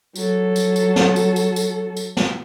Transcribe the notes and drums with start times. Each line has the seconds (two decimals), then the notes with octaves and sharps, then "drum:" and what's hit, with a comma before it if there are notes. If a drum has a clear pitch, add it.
0.16 F#3 A4, drum: tambourine
0.56 drum: tambourine
0.76 drum: tambourine
0.96 drum: snare
1.16 drum: tambourine
1.36 drum: tambourine
1.56 drum: tambourine
1.97 drum: tambourine
2.17 drum: snare